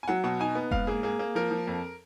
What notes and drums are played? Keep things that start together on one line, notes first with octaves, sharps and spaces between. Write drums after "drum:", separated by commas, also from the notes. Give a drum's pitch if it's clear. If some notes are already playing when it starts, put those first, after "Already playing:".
G#5
F#3 F#5
B2 F#5
D#4 G#5
B3
G#2 F5, drum: kick F1
A#3 G#4
A#3 G#4
A#3
F3 A#4
F3
F2